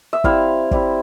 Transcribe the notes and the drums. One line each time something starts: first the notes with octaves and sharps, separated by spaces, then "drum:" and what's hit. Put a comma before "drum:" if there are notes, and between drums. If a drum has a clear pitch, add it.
E5
G3 C4 E4 F5, drum: kick
G3 C4 E4, drum: kick